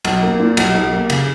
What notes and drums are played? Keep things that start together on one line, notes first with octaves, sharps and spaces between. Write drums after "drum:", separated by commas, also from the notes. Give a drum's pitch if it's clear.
B1, drum: cymbal
A#3
A#2
B1, drum: cymbal
B1
A#3
C#3, drum: cymbal